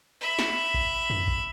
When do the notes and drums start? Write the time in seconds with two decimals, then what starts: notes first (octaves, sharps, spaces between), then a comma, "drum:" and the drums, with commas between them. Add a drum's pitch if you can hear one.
0.21 E5 B5
0.39 drum: snare
0.74 drum: kick A#1
1.10 drum: tom F2
1.28 drum: kick A#1